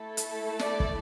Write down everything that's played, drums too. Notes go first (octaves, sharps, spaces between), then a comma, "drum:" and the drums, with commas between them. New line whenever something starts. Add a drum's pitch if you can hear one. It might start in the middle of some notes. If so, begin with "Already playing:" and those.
Already playing: A3 E4 A4
drum: hi-hat
D5, drum: snare
drum: kick